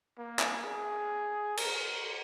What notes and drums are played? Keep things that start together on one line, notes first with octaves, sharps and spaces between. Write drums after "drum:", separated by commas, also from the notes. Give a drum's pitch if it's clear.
A#3
drum: clap
G#4
A#4, drum: cymbal